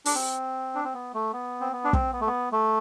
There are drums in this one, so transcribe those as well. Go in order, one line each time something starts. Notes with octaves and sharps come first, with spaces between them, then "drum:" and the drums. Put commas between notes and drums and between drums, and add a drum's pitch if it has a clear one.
D4, drum: open hi-hat
C4
D4
C4
B3
A3
B3
C4
B3
D4
C4, drum: kick
B3
A3
B3
A3